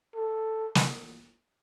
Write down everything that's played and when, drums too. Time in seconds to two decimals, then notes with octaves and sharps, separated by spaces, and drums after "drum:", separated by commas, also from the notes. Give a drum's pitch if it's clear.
0.15 A4
0.75 drum: snare